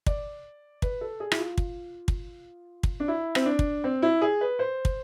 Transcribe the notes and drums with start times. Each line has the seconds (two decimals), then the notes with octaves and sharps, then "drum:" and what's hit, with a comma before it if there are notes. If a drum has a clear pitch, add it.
0.06 D5, drum: kick
0.82 B4, drum: kick
1.01 A4
1.20 G#4
1.32 E4, drum: rim click
1.38 F4
1.58 drum: kick
2.08 drum: kick
2.83 drum: kick
3.00 D4
3.08 E4
3.35 C4, drum: rim click
3.46 D4
3.59 drum: kick
3.84 C4
4.02 E4
4.21 G#4
4.41 B4
4.59 C5
4.85 drum: kick